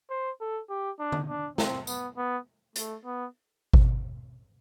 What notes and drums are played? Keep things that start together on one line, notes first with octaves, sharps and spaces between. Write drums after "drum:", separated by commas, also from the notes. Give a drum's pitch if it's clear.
C5
A4
G4
D4
drum: tom D3
D4
C4, drum: snare
B3, drum: tambourine
B3
A3, drum: hi-hat
B3
drum: kick G#1